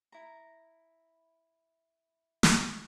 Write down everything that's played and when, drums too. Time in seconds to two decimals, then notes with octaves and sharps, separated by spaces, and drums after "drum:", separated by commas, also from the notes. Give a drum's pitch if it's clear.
0.12 E4 A#5
2.43 drum: snare